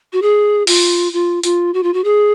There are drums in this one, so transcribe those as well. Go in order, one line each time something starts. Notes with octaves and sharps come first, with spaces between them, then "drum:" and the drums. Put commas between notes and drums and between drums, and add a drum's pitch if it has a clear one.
F#4
G#4
F4, drum: open hi-hat
F4
F4, drum: hi-hat
F#4
F4
F#4
G#4